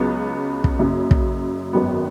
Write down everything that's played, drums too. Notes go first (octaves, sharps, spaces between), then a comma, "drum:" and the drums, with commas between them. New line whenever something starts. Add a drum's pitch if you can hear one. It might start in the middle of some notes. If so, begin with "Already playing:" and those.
Already playing: C#2 C#3 F#3 B3
drum: kick
F#1 F#2 C#3
drum: kick
G#1 F#2 D#3 F#3 B3